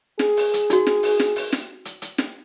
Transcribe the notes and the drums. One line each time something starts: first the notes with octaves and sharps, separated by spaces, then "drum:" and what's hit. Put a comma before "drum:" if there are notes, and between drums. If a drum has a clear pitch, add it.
G#4, drum: snare
drum: open hi-hat
drum: hi-hat
D#4 F#4, drum: hi-hat
drum: snare
drum: open hi-hat
drum: snare
drum: open hi-hat
drum: snare
drum: hi-hat
drum: hi-hat
drum: snare